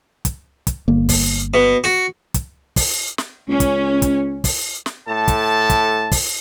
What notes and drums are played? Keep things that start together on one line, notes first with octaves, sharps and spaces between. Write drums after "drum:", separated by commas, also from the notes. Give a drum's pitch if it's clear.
drum: kick, hi-hat
drum: kick, hi-hat
G1 D3 A#3
drum: kick, open hi-hat
B2
F#4
drum: kick, hi-hat
drum: kick, open hi-hat
drum: snare
C#2 C#4
drum: kick, hi-hat
drum: kick, hi-hat
drum: kick, open hi-hat
drum: snare
A2 A4 A5
drum: kick, hi-hat
drum: kick, hi-hat
drum: kick, open hi-hat